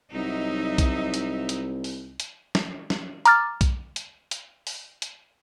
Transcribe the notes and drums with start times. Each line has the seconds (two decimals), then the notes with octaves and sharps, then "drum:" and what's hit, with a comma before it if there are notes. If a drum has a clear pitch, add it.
0.14 C2 F#3 D#4 E5
0.78 drum: kick B1, hi-hat
1.14 drum: hi-hat
1.49 drum: hi-hat
1.84 drum: open hi-hat
2.20 drum: hi-hat
2.55 drum: snare
2.90 drum: snare
3.25 A#5 D6 F6 A6, drum: hi-hat
3.61 drum: kick B1, hi-hat
3.96 drum: hi-hat
4.31 drum: hi-hat
4.67 drum: open hi-hat
5.02 drum: hi-hat